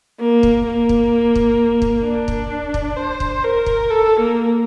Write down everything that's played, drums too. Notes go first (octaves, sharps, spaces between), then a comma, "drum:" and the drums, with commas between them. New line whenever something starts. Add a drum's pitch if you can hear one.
A#3
drum: kick
A#3
drum: kick
drum: kick
drum: kick
D4
drum: kick
drum: kick
C5
drum: kick
A#4
drum: kick
A4
A#3